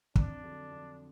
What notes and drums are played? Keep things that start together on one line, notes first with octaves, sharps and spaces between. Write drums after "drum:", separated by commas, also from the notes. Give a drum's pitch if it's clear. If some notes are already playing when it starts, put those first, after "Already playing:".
F2 D4, drum: kick
D3 F#3
F2